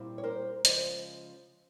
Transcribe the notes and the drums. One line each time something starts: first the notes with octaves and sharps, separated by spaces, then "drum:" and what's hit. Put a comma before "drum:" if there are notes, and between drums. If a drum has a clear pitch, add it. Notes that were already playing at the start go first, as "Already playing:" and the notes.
Already playing: A#2 G3 C4 E4
C#5
A#4 C5
C#3 F3 G#3 C5 D5, drum: hi-hat